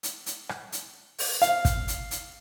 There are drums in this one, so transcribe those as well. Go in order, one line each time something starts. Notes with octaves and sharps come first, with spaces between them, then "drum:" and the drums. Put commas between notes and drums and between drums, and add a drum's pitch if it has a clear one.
drum: hi-hat
drum: hi-hat
drum: rim click
drum: hi-hat
drum: open hi-hat
F5, drum: hi-hat
drum: kick, hi-hat
drum: hi-hat
drum: hi-hat